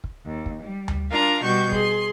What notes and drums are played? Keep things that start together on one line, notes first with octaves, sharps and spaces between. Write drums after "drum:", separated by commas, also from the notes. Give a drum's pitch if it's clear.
drum: kick
D#2
drum: kick
G3
drum: tom D2
D4 F4 A#4 F5 A#5
B2 G3 F#4 C#6 G6
G#4 C6, drum: kick